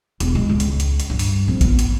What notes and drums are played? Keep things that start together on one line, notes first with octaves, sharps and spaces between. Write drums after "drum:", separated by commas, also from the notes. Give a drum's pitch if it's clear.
E1, drum: hi-hat
G#3
C#2
drum: hi-hat
drum: hi-hat
drum: hi-hat
G2
drum: open hi-hat
F2
B3, drum: kick A1, hi-hat
drum: hi-hat